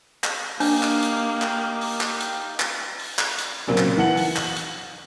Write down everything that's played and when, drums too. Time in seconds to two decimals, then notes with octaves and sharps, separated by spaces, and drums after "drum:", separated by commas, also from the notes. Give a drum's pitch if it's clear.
0.24 drum: clap
0.60 A#3 D4 D#4 G4 F5, drum: open hi-hat
0.83 drum: clap
1.02 drum: hi-hat
1.42 drum: clap
1.81 drum: open hi-hat
2.01 drum: clap
2.20 drum: hi-hat
2.60 drum: clap
2.99 drum: open hi-hat
3.19 drum: clap
3.38 drum: hi-hat
3.67 A#2 C#3 F#3 C4
3.78 drum: clap
3.97 E3 F#5 F#7
4.17 drum: open hi-hat
4.36 F#7, drum: clap
4.56 drum: hi-hat